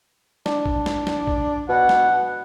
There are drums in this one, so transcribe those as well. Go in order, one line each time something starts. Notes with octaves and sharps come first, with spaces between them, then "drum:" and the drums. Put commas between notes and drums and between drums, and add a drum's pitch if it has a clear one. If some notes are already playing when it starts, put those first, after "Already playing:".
D4, drum: snare
drum: kick A#1
drum: snare
drum: snare
drum: kick A#1
B2 F#5
drum: snare